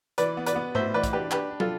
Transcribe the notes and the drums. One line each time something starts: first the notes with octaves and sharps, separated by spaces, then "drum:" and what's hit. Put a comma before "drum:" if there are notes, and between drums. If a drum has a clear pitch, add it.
E3 B4 D5, drum: hi-hat
B3
B4 D5, drum: hi-hat
B3
A2 C5 E5, drum: tom G#2
E3 B4 D5
drum: kick, hi-hat
D4 G4 B4
D4 G4 B4, drum: clap
D4
F4 A4, drum: tom